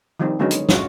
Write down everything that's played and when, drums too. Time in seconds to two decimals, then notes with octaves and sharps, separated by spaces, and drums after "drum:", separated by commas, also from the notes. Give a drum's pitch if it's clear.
0.19 D#3 F3 G3 C4 D#4
0.39 D3 F#3 G#3 B3 C#4 D#4
0.51 drum: hi-hat
0.69 G#3 C#4 F4 F#4, drum: snare